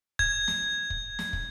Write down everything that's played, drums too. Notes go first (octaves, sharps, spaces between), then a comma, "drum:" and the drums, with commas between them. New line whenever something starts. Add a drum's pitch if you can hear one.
G#6, drum: kick
drum: snare
drum: kick
drum: snare
drum: kick